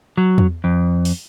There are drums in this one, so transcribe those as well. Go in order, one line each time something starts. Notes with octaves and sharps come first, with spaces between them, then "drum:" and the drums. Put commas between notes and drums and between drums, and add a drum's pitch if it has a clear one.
F#3
drum: tom E2
F2
drum: open hi-hat